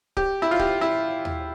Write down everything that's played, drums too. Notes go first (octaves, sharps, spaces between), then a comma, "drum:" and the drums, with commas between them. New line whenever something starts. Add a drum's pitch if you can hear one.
G4, drum: kick C#1
E4
F4
G4, drum: kick C#1
E4
drum: tom D#2